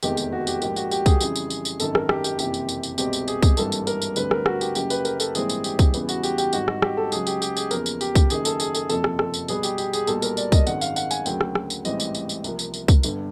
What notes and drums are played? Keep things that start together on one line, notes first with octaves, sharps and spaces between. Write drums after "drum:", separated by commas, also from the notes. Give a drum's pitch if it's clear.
F1 E2 C3 D#3 G#3 G4, drum: tambourine
G4, drum: tambourine
F#4
G4, drum: tambourine
A#1 G#2 F3 A#3 G4, drum: tambourine
F#4, drum: tambourine
G4, drum: tambourine
G#4, drum: kick, tambourine
F2 C#3 E3 G3, drum: tambourine
drum: tambourine
drum: tambourine
drum: tambourine
G#1 F#2 D#3 A4, drum: tambourine
A#4, drum: rim click
G4, drum: rim click
G4, drum: tambourine
F#1 F2 C3 E3 G4, drum: tambourine
drum: tambourine
drum: tambourine
drum: tambourine
C2 B2 G#3 C4 G4, drum: tambourine
drum: tambourine
G#4, drum: tambourine
drum: kick, tambourine
G#1 G2 E3 G3 A#3 A4, drum: tambourine
drum: tambourine
A#4, drum: tambourine
drum: tambourine
D2 D3 G3 C4 B4, drum: tambourine
A#4, drum: rim click
F#4, drum: rim click
G4, drum: tambourine
F#1 F#2 C#3 F#3 G4, drum: tambourine
B4, drum: tambourine
A#4, drum: tambourine
A4, drum: tambourine
A#1 G#2 E3 G3 C4 G#4, drum: tambourine
drum: tambourine
G4, drum: tambourine
drum: kick, tambourine
E2 C#3 E3 G3 B3, drum: tambourine
F#4, drum: tambourine
G4, drum: tambourine
G4, drum: tambourine
G#1 G#2 D#3 G3 F#4, drum: tambourine
F#4, drum: rim click
G4, drum: rim click
A4
C#2 C#3 F#3 G#4, drum: tambourine
G4, drum: tambourine
G4, drum: tambourine
G#4, drum: tambourine
E2 C#3 F3 A#3 A#4, drum: tambourine
drum: tambourine
G4, drum: tambourine
drum: kick, tambourine
F#1 F#2 D#3 G#4, drum: tambourine
A4, drum: tambourine
G#4, drum: tambourine
A4, drum: tambourine
F#1 F2 C3 F3 A4, drum: tambourine
drum: rim click
A4, drum: rim click
drum: tambourine
B1 B2 G3 B3 G#4, drum: tambourine
G4, drum: tambourine
G4, drum: tambourine
G#4, drum: tambourine
B1 A#2 G3 A4, drum: tambourine
A#4, drum: tambourine
D5, drum: tambourine
D#5, drum: kick, tambourine
G#1 F#2 D#3 G#3 F#5, drum: tambourine
F5, drum: tambourine
F#5, drum: tambourine
G#5, drum: tambourine
D2 C#3 F#3 A#3 G5, drum: tambourine
drum: rim click
drum: rim click
drum: tambourine
A1 G#2 E3 G3 C4 D#5, drum: tambourine
drum: tambourine
drum: tambourine
drum: tambourine
C2 C3 F3 A#3, drum: tambourine
drum: tambourine
drum: tambourine
drum: kick, tambourine
G1 G2 D3, drum: tambourine